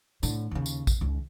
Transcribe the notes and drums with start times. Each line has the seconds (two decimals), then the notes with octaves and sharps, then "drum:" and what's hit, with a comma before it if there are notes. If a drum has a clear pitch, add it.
0.23 A2 D3, drum: tambourine
0.51 D#2 C#3
0.66 drum: tambourine
0.87 drum: kick A1, tambourine
1.01 C#2 D#3